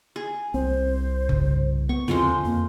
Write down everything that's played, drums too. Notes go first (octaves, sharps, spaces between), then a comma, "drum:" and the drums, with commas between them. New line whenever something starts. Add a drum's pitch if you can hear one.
G#4
C2 C4 C5
G2 C#3, drum: kick F#1
B3 C#6
D3 F3 G#3 C4 C5, drum: tom
F2 A#3